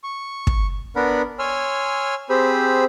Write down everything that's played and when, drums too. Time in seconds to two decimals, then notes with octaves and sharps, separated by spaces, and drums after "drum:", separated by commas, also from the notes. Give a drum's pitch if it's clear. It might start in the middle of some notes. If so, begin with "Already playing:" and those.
0.04 C#6
0.47 drum: kick
0.96 B3 D4 A#4 F#5 B5
1.39 C#5 G#5 C6 E6 F6
2.30 C4 G4 G#4 C5 B5 E6